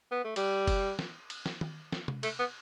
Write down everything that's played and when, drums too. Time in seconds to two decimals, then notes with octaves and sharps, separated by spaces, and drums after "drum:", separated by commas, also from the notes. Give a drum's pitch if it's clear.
0.11 B3
0.24 A3
0.36 G3, drum: cymbal
0.68 drum: kick F#1, cymbal
0.99 drum: snare
1.30 drum: cymbal
1.46 drum: snare
1.61 drum: tom
1.92 drum: snare
2.08 drum: tom C3
2.23 A3, drum: cymbal
2.39 B3